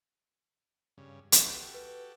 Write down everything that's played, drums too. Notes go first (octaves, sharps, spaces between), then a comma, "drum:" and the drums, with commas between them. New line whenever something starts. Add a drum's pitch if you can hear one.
G2 C#3
F#4 G4 A4, drum: hi-hat
B4